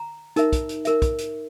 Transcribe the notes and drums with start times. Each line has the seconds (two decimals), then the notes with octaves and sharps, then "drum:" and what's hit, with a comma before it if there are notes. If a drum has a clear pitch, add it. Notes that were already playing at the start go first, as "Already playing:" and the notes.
Already playing: A#5
0.36 D#4 A#4 E5, drum: hi-hat
0.53 drum: kick, hi-hat
0.69 drum: hi-hat
0.85 D#4 A#4 E5, drum: hi-hat
1.02 drum: kick, hi-hat
1.18 drum: hi-hat